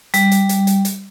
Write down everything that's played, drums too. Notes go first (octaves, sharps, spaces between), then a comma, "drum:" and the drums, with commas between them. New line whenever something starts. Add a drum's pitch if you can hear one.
G3, drum: hi-hat
drum: hi-hat
drum: hi-hat
drum: hi-hat
drum: hi-hat